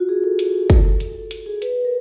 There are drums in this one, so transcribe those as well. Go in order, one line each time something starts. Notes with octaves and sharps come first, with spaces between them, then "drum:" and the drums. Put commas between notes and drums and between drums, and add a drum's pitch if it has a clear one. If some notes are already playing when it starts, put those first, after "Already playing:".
Already playing: F4 F#4
G#4
A4
drum: hi-hat
drum: kick
drum: hi-hat
A4
drum: hi-hat
G#4
B4, drum: hi-hat
A#4